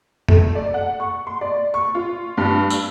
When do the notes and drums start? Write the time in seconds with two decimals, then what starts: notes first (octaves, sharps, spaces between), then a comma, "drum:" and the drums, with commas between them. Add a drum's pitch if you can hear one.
0.29 A3, drum: tom F2
0.55 D5
0.74 F#5
1.00 C#6
1.27 C6
1.41 D5
1.74 C#6
1.95 F4
2.37 G2
2.70 E6, drum: tambourine